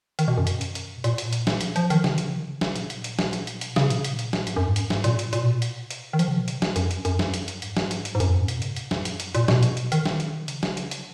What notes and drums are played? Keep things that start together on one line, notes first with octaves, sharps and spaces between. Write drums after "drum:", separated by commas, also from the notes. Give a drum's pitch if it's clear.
D#3, drum: hi-hat
B2
F#2
drum: hi-hat
drum: hi-hat
drum: hi-hat
B2
A#2, drum: hi-hat
drum: hi-hat
drum: hi-hat
drum: snare
F3, drum: hi-hat
F3, drum: hi-hat
D#3, drum: hi-hat
C#3, drum: snare
F3, drum: hi-hat
C#3
D#3
C#3
drum: snare
A#2, drum: hi-hat
drum: hi-hat
drum: hi-hat
drum: snare
drum: hi-hat
drum: hi-hat
B2, drum: hi-hat
C#3, drum: snare
A#2, drum: hi-hat
drum: hi-hat
drum: hi-hat
drum: snare
G#2, drum: hi-hat
F#2
G#2
drum: hi-hat
drum: snare
A#2, drum: hi-hat
drum: hi-hat
A#2, drum: hi-hat
B2
drum: hi-hat
drum: hi-hat
D#3
F3, drum: hi-hat
C#3
B2
drum: hi-hat
drum: snare
F#2, drum: hi-hat
drum: hi-hat
F#2, drum: hi-hat
drum: snare
drum: hi-hat
drum: hi-hat
G#2, drum: hi-hat
drum: snare
drum: hi-hat
drum: hi-hat
G#2
F#2, drum: hi-hat
F2
G#2
B2, drum: hi-hat
C#3, drum: hi-hat
A#2, drum: hi-hat
F#2, drum: snare
drum: hi-hat
drum: hi-hat
A#2, drum: hi-hat
B2, drum: snare
drum: hi-hat
drum: hi-hat
D#3, drum: hi-hat
drum: snare
drum: hi-hat
C#3, drum: hi-hat
drum: snare
drum: hi-hat
drum: hi-hat